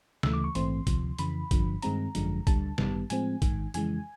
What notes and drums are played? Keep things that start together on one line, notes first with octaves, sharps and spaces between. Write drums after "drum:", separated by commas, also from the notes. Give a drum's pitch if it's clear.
D2 C#3 E3 A3 E6, drum: snare
D6
C#6
A#1 G#2 E3 A3 C4 C6, drum: hi-hat
D2 C3 F3, drum: kick, hi-hat
F2 C#3 E3 B5, drum: hi-hat
G1 G2 D3 F3, drum: kick, hi-hat
G2 D#3 G#3 C4 A#5, drum: hi-hat
G#1 F#2 D3 F3 G#3, drum: hi-hat
D2 D3 G3 A5, drum: kick, hi-hat
A1 G2 D#3 G3 B3, drum: snare
A2 F3 G#3 C4 G#5, drum: hi-hat
G#1 G#2 D#3, drum: kick, hi-hat
F2 C#3 E3 G#3 G#5, drum: hi-hat